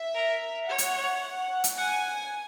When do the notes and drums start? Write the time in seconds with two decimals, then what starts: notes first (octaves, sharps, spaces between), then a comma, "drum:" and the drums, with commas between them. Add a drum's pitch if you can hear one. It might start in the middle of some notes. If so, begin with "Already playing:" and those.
Already playing: E5
0.15 A#4
0.69 C#5 F#5
0.78 drum: hi-hat
1.64 drum: hi-hat
1.78 F#5 G#5